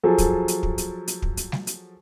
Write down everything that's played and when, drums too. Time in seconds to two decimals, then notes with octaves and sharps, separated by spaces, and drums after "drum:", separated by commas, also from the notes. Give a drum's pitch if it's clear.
0.03 F3 F#3 G#4 A4
0.18 drum: kick, hi-hat
0.48 drum: hi-hat
0.63 drum: kick
0.78 drum: hi-hat
1.08 drum: hi-hat
1.22 drum: kick
1.37 drum: hi-hat
1.52 drum: snare G3
1.67 drum: hi-hat